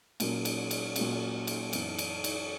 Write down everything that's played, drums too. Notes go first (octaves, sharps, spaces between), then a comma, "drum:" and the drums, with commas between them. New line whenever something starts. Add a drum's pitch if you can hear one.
A#2 F#3 A#3 C#4, drum: cymbal
drum: cymbal
drum: cymbal
A#2 F#3 A#3 C#4, drum: cymbal
drum: cymbal
F#2 E3 B3, drum: cymbal
drum: cymbal
drum: cymbal